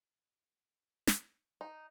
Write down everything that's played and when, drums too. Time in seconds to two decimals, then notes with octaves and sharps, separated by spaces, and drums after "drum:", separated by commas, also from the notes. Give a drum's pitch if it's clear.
1.07 drum: snare
1.61 D#4